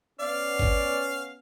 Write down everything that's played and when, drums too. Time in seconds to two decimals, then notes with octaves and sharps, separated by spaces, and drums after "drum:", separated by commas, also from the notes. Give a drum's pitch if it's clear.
0.20 B3 C#4 D5 F5
0.59 drum: kick G1